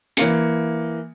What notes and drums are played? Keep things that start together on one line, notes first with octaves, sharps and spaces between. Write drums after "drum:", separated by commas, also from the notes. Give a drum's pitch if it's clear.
E3 A#3 C#7, drum: hi-hat